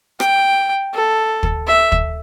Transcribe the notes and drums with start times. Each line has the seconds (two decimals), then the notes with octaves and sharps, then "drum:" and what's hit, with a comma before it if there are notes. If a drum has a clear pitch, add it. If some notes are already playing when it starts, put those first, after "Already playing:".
0.20 G5, drum: rim click
0.94 A4
1.43 drum: kick
1.67 E5
1.92 drum: kick